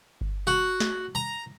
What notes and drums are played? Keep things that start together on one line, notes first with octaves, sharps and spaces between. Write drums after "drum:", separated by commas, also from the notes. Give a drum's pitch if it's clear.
drum: kick G1
F#4
drum: snare
A#5